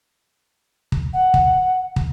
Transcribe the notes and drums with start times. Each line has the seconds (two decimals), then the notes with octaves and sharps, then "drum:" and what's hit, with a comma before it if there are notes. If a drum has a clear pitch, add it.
0.92 drum: kick
1.13 F#5
1.34 drum: kick
1.96 drum: kick